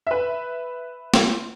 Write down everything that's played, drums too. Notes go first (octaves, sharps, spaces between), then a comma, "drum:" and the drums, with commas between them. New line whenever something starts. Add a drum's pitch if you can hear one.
B4 E5
drum: snare